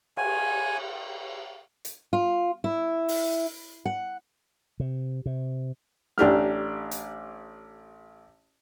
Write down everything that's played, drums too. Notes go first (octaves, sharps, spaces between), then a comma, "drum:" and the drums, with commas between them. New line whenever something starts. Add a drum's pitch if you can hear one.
G#5, drum: cymbal
drum: hi-hat
F4
E4
drum: open hi-hat
F#5
C3
C3
A1 D4 G4 F6, drum: snare
drum: hi-hat